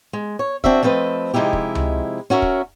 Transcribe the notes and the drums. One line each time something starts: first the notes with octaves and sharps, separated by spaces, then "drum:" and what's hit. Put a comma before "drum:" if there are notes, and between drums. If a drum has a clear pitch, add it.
G#3
C#5
C4 D4 F#4 E5, drum: kick
F3 A3 C4 B4 D#5
C3 F3 G#3 D#4 E4 G4
drum: kick
drum: tom C#2
C#4 F#4 A#4 E5
drum: kick